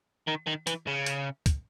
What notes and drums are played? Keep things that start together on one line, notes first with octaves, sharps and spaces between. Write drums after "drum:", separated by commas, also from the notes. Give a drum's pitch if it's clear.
D#3
D#3
E3, drum: hi-hat
C#3
drum: hi-hat
drum: kick, hi-hat